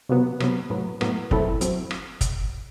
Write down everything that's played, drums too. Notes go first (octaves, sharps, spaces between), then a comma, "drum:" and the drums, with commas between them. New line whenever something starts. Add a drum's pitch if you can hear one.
C3 F#3 B3
C3 F#3 B3, drum: rim click
A2 F#3 B3
A2 F#3 B3, drum: rim click
F#3 C4 E4 A4, drum: kick
F#3 C4, drum: hi-hat
drum: rim click
drum: kick, hi-hat